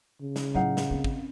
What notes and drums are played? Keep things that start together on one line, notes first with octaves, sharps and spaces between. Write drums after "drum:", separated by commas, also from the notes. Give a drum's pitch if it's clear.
C#3
drum: snare
A2 F#3 D#4 F5 F#5
drum: snare
C4 C#4
drum: kick